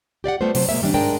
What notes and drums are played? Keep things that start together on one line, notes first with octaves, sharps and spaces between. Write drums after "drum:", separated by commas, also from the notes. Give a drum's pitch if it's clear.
G4 D5 F5 F#5
G3 A3 B3 F4 C5
C3 F#3 C5, drum: open hi-hat
B2 G#3 A#3 E5
D#3 G3 C#4 D4
G#2 G#3 D4 A#4 G5